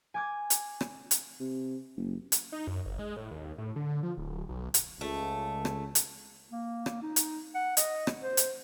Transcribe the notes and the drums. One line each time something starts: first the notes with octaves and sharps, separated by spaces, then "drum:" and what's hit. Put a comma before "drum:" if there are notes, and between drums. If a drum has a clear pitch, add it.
G#5 D6 G#6
drum: hi-hat
drum: rim click
drum: hi-hat
C3
F#1
drum: hi-hat
D#4
F#2
G1
G#3
A2
D#2
A2
D3
F3
D1
B1
drum: hi-hat
C#2 A3
drum: rim click
drum: hi-hat
A#3
drum: rim click
D#4
drum: hi-hat
F#5
D#5, drum: hi-hat
drum: rim click
C5
drum: hi-hat